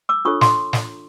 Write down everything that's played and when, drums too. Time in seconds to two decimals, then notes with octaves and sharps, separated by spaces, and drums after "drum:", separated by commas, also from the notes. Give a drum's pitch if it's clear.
0.09 D6 E6
0.25 D4 F4 A4 C#5 C#6 D#6
0.41 C6 D6, drum: snare
0.73 drum: snare